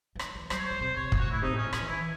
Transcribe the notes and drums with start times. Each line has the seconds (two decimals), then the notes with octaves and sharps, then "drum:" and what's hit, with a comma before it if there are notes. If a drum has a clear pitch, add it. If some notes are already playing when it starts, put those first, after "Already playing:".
0.16 E3
0.19 D#3, drum: rim click
0.35 E3
0.50 F#3 C5, drum: rim click
0.58 C#5
0.65 C5
0.71 F#3
0.81 C3 C5
0.96 C3 C#5
1.12 A2, drum: kick
1.19 F#4
1.26 A2 E4
1.42 C3 D#4
1.52 A2
1.57 C#4
1.73 D#3 C#4, drum: rim click
1.81 E3
1.88 D#3 E4
1.97 E3